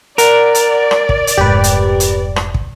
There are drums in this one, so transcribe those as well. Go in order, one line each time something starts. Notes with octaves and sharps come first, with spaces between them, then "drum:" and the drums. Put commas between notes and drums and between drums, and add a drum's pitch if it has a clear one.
A#4 D5 F#5, drum: hi-hat
drum: hi-hat
drum: rim click
drum: kick
drum: hi-hat
F1 G#2 G4 B4
drum: hi-hat
drum: hi-hat
drum: rim click
drum: kick